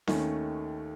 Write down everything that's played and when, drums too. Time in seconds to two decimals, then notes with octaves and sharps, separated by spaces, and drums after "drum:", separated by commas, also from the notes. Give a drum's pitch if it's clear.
0.07 D#2 D#3 A3 C#4, drum: snare C4